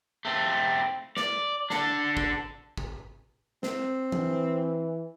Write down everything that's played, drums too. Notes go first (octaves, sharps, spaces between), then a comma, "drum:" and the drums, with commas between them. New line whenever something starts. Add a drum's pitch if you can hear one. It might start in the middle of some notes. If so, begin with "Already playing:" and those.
A3 C4
D5, drum: snare
D4 A4, drum: snare
drum: kick
drum: kick
C4, drum: snare
E3, drum: tom E3